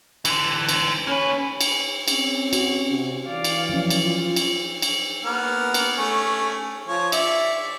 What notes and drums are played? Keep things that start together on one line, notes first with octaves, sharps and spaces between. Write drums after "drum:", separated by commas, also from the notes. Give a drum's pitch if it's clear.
D3 E3, drum: cymbal
drum: cymbal
A#3 C#4 B4
drum: cymbal
C4 C#4, drum: cymbal
F#4, drum: cymbal
C3
E3 D5 F5
drum: cymbal
F3 F#3 C#4
drum: cymbal
F4
drum: cymbal
drum: cymbal
A#3 B3 F6
drum: cymbal
A3 C#4
F3 C#5
D5 E5, drum: cymbal